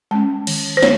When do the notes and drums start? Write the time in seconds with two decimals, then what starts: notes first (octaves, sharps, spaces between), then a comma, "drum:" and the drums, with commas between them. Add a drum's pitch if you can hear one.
0.11 G#3 C#4 A5
0.47 D#3, drum: cymbal
0.77 C5
0.82 C#5, drum: snare